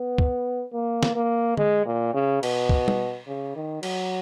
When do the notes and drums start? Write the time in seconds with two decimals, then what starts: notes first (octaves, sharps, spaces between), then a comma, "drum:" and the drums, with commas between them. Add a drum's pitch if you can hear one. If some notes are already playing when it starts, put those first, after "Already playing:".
Already playing: B3
0.18 drum: kick
0.73 A#3
1.03 drum: snare
1.16 A#3
1.57 G#3, drum: tom D3
1.86 A#2
2.14 C#3
2.43 B2, drum: cymbal
2.69 drum: kick
2.88 drum: tom
3.27 C#3
3.56 D#3
3.83 F#3, drum: cymbal